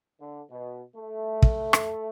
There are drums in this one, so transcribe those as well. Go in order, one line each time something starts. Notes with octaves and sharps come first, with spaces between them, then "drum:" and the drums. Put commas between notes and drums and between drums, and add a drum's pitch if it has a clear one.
D3
B2
A3
drum: kick
drum: rim click